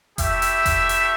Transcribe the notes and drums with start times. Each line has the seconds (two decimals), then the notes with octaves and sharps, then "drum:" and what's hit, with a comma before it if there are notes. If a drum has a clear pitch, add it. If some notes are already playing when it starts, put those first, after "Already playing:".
0.18 A3 E4 G4 E5, drum: kick F1, hi-hat
0.42 drum: hi-hat
0.66 drum: kick F1, hi-hat
0.89 drum: hi-hat